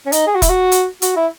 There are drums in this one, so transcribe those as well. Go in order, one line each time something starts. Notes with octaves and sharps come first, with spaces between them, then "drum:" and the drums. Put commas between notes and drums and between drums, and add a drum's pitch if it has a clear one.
C#4
D#4, drum: hi-hat
G#4
F#4
E4, drum: kick E1, hi-hat
F#4
drum: hi-hat
F#4, drum: hi-hat
E4